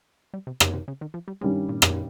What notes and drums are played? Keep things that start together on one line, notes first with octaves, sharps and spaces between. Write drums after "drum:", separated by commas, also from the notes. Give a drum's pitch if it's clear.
G3
C3
C#3, drum: rim click
C3
C#3
D#3
F3
G3
G2 D#3 G3 G#3 C#4
A#2
drum: rim click